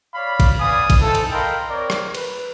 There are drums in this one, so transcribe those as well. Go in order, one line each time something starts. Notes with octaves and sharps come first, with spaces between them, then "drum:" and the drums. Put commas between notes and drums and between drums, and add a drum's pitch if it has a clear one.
C#5 D5 F5 B5
drum: kick A#1, cymbal
B3 D5 F5 G#5 D#6
drum: kick A#1, cymbal
C4 D#4 E4 A4
drum: cymbal
A#4 D#5 F5 G5 B5 C6
C4 A#4 C#5 D5
drum: rim click
B4, drum: cymbal